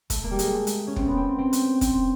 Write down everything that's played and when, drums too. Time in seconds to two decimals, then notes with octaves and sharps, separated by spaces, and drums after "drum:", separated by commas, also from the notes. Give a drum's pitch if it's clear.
0.10 A3, drum: kick, hi-hat
0.24 A#3
0.31 G3
0.39 G#3, drum: hi-hat
0.52 A3
0.67 drum: hi-hat
0.87 C#4
0.96 C4, drum: kick
1.06 B3
1.17 C4
1.38 C4
1.53 drum: hi-hat
1.81 C4, drum: kick, hi-hat